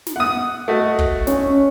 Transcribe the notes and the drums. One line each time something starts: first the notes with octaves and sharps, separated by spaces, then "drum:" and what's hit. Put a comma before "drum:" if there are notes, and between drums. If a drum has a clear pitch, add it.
drum: snare
F#5 D#6
A3 F#4 D#5
drum: kick
C#4, drum: snare